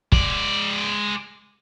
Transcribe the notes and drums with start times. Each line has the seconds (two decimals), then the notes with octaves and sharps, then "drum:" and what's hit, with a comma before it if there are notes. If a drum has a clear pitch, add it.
0.12 G#3 D5, drum: kick